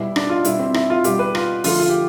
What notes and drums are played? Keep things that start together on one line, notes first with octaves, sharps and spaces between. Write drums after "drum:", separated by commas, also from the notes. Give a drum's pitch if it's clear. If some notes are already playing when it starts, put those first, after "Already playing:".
Already playing: B2 G3 E4
D4, drum: rim click
F4
B2 G3 E4, drum: hi-hat
C4
E4, drum: rim click
F4
B2 G3 G4, drum: hi-hat
B4
F4, drum: rim click
D3 F3 A3 F4, drum: open hi-hat
F4
G4